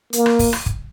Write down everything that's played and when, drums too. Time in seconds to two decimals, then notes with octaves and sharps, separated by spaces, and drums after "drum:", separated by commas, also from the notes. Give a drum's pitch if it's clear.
0.13 A#3, drum: hi-hat
0.26 drum: rim click
0.39 drum: kick, open hi-hat
0.53 drum: rim click
0.66 drum: kick